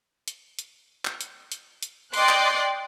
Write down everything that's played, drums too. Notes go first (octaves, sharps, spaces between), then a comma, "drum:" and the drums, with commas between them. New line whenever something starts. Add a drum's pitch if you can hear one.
drum: hi-hat
drum: hi-hat
drum: clap
drum: hi-hat
drum: hi-hat
drum: hi-hat
D5 D#5 G5 C6 D6 F#6, drum: open hi-hat
drum: clap